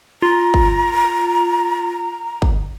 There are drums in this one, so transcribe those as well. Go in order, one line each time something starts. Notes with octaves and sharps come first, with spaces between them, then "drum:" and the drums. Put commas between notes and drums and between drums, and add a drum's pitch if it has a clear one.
F4 A#5
drum: kick
drum: kick